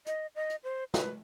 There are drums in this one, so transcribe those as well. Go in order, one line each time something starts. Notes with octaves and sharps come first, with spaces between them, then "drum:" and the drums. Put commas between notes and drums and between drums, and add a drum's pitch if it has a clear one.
D#5, drum: hi-hat
D#5
drum: hi-hat
C5
B4, drum: snare